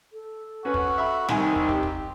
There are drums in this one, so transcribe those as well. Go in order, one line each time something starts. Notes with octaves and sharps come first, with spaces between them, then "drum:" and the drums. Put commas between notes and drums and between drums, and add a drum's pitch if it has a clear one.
A4
C#4 F#4 B4
drum: kick
E5 B5
C2 D#3 C4 D#4 G#5, drum: snare
drum: kick
G4, drum: kick
drum: kick